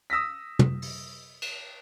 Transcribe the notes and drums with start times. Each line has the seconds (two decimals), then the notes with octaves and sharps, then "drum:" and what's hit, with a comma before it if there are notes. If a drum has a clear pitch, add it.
0.10 D#6 E6 A#6 B6
0.59 drum: tom
0.82 drum: open hi-hat
1.42 drum: cymbal